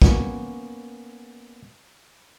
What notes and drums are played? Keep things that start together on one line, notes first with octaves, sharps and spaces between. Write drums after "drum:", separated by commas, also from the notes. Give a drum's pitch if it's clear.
A#3 B3 C#4 C#5, drum: kick